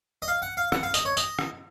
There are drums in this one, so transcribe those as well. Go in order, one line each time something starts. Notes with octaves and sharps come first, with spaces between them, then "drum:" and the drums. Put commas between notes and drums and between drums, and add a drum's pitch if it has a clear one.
D#5
F5
F#5
F5
F#5, drum: rim click
F5
D#5, drum: tambourine
C#5
D#5, drum: tambourine
drum: rim click